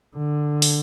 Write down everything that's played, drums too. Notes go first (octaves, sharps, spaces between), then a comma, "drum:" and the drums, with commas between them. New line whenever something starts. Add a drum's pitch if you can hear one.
D3
drum: open hi-hat